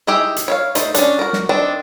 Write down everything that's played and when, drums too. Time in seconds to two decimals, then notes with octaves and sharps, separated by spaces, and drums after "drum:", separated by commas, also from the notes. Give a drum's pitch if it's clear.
0.07 D#4 E4 G4 G#4 E5
0.36 drum: hi-hat
0.48 C#5 E5 F5
0.75 A3 D#4 C5, drum: hi-hat
0.95 C#4 D4, drum: hi-hat
1.19 F#4 A#4
1.33 drum: snare
1.49 D#3 C4 D4